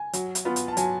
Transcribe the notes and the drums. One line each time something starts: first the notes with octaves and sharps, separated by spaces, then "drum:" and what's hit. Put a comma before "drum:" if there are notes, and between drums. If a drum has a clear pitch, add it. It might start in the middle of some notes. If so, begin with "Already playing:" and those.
Already playing: G#5
F#3, drum: hi-hat
drum: hi-hat
B3 F4
drum: hi-hat
A5
F#3 G#5, drum: hi-hat